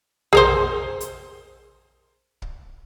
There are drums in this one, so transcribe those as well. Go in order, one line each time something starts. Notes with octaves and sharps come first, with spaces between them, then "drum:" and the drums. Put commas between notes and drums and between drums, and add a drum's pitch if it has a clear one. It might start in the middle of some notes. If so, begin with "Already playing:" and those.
G#4 A#4 C5, drum: tom A#1
drum: hi-hat
drum: kick